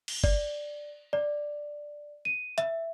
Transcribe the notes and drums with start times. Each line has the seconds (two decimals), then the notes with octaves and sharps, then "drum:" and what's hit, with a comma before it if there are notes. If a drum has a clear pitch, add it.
0.08 drum: cymbal
0.24 D5, drum: kick
1.13 D5
2.25 D#7
2.58 E5, drum: hi-hat